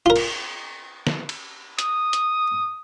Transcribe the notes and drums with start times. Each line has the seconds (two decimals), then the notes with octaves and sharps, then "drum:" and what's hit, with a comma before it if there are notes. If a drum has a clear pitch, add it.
0.06 F4 A#4
0.16 drum: cymbal
1.07 drum: snare
1.29 drum: cymbal
1.79 D#6, drum: hi-hat
2.13 drum: hi-hat